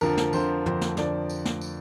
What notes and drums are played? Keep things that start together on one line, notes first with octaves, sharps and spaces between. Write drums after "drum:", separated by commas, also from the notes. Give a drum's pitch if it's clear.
F2 D3 F3 A#4, drum: tambourine
drum: snare
F2 D3 F3 C5, drum: tambourine
F2 D3 F3 C5, drum: tom
drum: snare
F2 D3 F3 D5, drum: snare
drum: tambourine
drum: snare
drum: tambourine